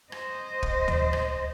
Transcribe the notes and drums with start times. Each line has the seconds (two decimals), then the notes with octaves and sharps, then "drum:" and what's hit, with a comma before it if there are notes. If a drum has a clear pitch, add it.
0.12 C5 D#5, drum: rim click
0.63 drum: kick
0.88 drum: tom D2
1.13 drum: rim click